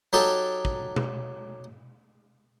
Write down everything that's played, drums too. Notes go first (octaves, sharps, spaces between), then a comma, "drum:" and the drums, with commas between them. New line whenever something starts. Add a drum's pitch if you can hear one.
F#3 D#4 G4 A4
drum: kick
drum: tom B2